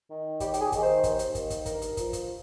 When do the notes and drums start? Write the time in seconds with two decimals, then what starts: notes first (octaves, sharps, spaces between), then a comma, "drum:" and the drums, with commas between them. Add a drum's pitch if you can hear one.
0.09 D#3
0.40 D#2 G4, drum: kick, hi-hat
0.54 G4, drum: hi-hat
0.61 G#4
0.72 D#3, drum: kick, hi-hat
0.83 C5
1.03 D#2, drum: kick, hi-hat
1.19 drum: hi-hat
1.35 D#3, drum: kick, hi-hat
1.50 drum: kick, hi-hat
1.66 G2 A#4, drum: kick, hi-hat
1.82 drum: hi-hat
1.97 F3, drum: kick, hi-hat
2.13 drum: kick, hi-hat